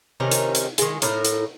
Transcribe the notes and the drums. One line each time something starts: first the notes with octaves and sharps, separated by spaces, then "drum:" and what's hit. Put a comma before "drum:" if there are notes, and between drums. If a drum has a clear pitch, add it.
C3 D#3 C#4 A#4
drum: hi-hat
drum: hi-hat
D#3 G#3, drum: hi-hat
A2 A#4, drum: hi-hat
drum: hi-hat